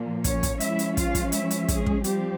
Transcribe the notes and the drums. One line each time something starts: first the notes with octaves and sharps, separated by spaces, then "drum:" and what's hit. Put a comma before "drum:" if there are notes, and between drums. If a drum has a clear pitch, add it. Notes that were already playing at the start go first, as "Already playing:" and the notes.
Already playing: A#2 F3 A#3
C#4 C#5, drum: kick, hi-hat
drum: kick, hi-hat
F3 G#3 C#4 E4 E5, drum: hi-hat
drum: hi-hat
F4 F5, drum: kick, hi-hat
drum: kick, hi-hat
E4 E5, drum: hi-hat
drum: hi-hat
G#3 G#4, drum: kick, hi-hat
drum: kick
F3 G3 C4 G4, drum: hi-hat